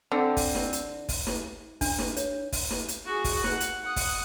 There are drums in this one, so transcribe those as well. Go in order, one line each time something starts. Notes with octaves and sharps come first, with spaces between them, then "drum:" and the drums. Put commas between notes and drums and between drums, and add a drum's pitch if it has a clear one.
D3 C4
drum: kick, open hi-hat
drum: snare
drum: hi-hat
drum: kick, open hi-hat
drum: snare
D4, drum: kick, open hi-hat
drum: snare
C#5, drum: hi-hat
drum: kick, open hi-hat
drum: snare
drum: hi-hat
F#4 G#4
drum: kick, open hi-hat
F#5, drum: snare
drum: hi-hat
F#5 D#6
drum: kick, open hi-hat